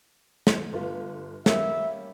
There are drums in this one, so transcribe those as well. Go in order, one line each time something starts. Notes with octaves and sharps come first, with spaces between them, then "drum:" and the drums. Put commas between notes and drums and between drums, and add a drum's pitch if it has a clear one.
drum: snare
G1 F4
G3 A#3 C#4 E5, drum: snare